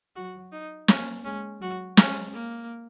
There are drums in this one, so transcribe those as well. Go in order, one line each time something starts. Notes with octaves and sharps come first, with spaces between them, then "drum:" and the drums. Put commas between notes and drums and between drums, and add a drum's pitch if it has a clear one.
F#3 F#4
D#4
A#3 C#4, drum: snare
G#3 C#4
F#3 F#4
G#3 C#4, drum: snare
A#3